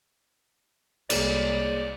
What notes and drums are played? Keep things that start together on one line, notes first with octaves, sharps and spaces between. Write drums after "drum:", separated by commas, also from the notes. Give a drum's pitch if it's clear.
C2 G#3 A#3 G#4 C#5 D5, drum: cymbal